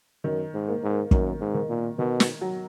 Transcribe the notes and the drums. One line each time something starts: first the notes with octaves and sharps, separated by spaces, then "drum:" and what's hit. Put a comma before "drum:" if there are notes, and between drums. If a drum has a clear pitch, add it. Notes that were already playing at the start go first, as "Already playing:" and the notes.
F#2 D#3
G#2
A#3
G#2
F#2 D#3, drum: kick
G#2
D#3
A#2
B2 D#3
drum: snare
F#3